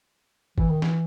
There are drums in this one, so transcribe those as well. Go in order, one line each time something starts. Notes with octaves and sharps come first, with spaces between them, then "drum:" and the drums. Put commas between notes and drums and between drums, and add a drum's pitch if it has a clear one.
E3, drum: kick
D#3
E3, drum: snare